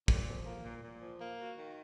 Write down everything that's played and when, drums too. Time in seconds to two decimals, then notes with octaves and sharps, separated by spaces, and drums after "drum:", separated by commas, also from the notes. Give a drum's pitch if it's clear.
0.08 A#2, drum: kick
0.26 F3
0.45 A#3
0.64 A#2
0.84 A#2
1.02 F3
1.21 A#3
1.39 F#4
1.58 D#3